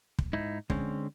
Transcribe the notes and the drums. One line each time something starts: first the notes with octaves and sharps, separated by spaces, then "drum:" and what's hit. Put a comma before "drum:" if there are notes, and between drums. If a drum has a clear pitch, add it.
drum: kick
G#2 D#4 E4
D3 G#3 C4 C#4, drum: kick